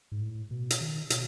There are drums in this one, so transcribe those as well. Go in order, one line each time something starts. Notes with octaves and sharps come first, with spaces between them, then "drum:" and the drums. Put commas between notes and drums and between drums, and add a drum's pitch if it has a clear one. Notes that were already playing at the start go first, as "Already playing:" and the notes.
G#2
A2
B2
drum: hi-hat
D#3
B2, drum: hi-hat